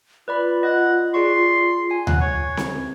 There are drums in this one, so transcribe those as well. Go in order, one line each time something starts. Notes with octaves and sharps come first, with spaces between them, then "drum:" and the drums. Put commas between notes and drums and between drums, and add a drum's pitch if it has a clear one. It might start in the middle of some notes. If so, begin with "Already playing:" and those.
F4 B4 D5 B5
D#5 F#5
G#4 D5 C6 C#6
G#5 C7
F#5, drum: tom D2
C#5
drum: snare C4